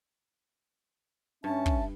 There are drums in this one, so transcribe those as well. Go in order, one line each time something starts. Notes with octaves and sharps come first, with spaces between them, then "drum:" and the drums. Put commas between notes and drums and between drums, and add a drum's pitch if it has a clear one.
G2 C#4 E5 A5
drum: kick